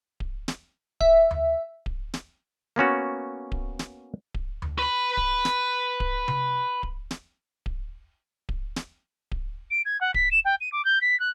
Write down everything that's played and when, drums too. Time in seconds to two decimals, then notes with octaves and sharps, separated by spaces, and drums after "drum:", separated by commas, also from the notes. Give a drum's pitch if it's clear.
0.20 drum: kick D1
0.48 drum: snare
1.00 E5, drum: kick D1
1.31 drum: tom D2
1.86 drum: kick D1
2.14 drum: snare
2.76 A#3 B3 C#4 F#4
3.52 drum: kick D1
3.79 drum: snare
4.34 drum: kick D1
4.62 drum: tom D2
4.79 B4 B5
5.17 drum: kick D1
5.45 drum: snare
6.00 drum: kick D1
6.28 drum: tom C3
6.83 drum: kick D1
7.11 drum: snare
7.66 drum: kick D1
8.49 drum: kick D1
8.76 drum: snare
9.31 drum: kick D1
9.71 D7
9.85 G#6
10.01 F#5
10.14 B6, drum: kick D1
10.31 E7
10.45 G5
10.61 D#7
10.72 D6
10.85 G6
11.01 B6
11.20 F#6